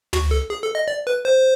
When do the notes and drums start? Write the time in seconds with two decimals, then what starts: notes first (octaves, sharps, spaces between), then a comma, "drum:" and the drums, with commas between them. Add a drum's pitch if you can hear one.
0.13 F#4, drum: tom
0.31 A4
0.50 G#4
0.62 A4
0.75 D#5
0.88 D5
1.07 B4
1.25 C5